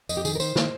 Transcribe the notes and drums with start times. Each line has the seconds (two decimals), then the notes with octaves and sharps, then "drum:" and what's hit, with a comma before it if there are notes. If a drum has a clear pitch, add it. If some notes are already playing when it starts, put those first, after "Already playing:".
0.09 F2 D#5, drum: tambourine
0.17 G4
0.25 D#3 G#4, drum: tambourine
0.35 A#4
0.40 D#3 C5, drum: tambourine
0.56 D#3, drum: snare